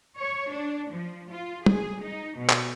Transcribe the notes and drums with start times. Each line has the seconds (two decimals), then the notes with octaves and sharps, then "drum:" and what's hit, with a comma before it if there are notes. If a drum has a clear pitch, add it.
0.18 C#5
0.51 D4
0.91 F3
1.31 F4
1.66 G#4, drum: tom G3
2.03 D#4
2.38 B2
2.49 drum: clap